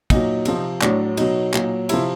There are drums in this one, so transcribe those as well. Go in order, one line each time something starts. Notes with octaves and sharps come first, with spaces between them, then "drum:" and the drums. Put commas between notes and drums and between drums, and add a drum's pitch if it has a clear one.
A#2 F#3 D#4, drum: kick, cymbal
C3 F3, drum: cymbal
A2 F#3 D4, drum: clap
B2 F#3 D#4, drum: cymbal
A#2 F#3, drum: clap
C3 F3 E4, drum: cymbal